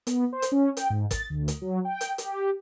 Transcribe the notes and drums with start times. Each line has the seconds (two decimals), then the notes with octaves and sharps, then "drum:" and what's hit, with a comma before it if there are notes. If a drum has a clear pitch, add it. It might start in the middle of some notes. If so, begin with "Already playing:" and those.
0.07 B3, drum: hi-hat
0.33 C5
0.42 drum: hi-hat
0.52 C#4
0.77 G5, drum: hi-hat
0.90 G#2
1.11 A6, drum: kick, hi-hat
1.30 D2
1.48 drum: hi-hat
1.62 F#3
1.85 G5
2.01 drum: hi-hat
2.18 G4, drum: hi-hat